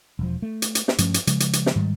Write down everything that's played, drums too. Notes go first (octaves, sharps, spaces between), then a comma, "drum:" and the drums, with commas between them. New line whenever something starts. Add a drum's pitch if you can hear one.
E1 F3
A3
drum: hi-hat
drum: hi-hat
drum: snare
G2 F3 A3 C#4, drum: hi-hat
drum: hi-hat
C#3 F3 G#3, drum: hi-hat
drum: hi-hat
drum: hi-hat
drum: snare
G#2 D#3 G3